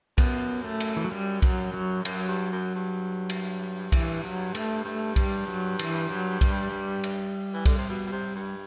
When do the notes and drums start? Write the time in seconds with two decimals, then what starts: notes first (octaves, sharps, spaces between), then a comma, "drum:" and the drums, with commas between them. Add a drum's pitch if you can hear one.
0.18 F#2 B3, drum: kick B1, cymbal
0.64 A3
0.80 drum: cymbal
0.96 E3
1.04 F#3
1.12 G3
1.42 F#3, drum: kick B1, cymbal
1.74 F#3
2.05 F#2 F#3, drum: cymbal
2.28 G2
2.52 F#2
2.75 G2
3.30 drum: cymbal
3.92 E3, drum: kick B1, cymbal
4.24 F#3
4.55 A3, drum: cymbal
4.85 G2 A3
5.16 G3, drum: kick B1, cymbal
5.48 F#3
5.79 E3, drum: cymbal
6.10 F#3
6.41 G3, drum: kick B1, cymbal
6.72 G3
7.04 drum: cymbal
7.54 E3
7.65 D3, drum: kick B1, cymbal
7.78 C3
7.89 B2
8.07 B2
8.12 C3
8.36 G2